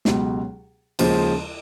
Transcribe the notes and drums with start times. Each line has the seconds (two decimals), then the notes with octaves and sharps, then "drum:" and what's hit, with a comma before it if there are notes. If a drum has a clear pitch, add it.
0.05 C#2 B2 F#3 G4, drum: snare
0.99 D#2 C#3 F3 G#3 C5, drum: cymbal